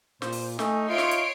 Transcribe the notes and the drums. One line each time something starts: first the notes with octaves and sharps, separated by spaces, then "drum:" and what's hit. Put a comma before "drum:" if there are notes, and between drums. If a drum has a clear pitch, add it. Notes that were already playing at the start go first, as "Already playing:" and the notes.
A#2 C5, drum: snare
drum: open hi-hat
A3 D#4 G#5, drum: snare
F4 C#5 E5 C6 D7
drum: snare
drum: hi-hat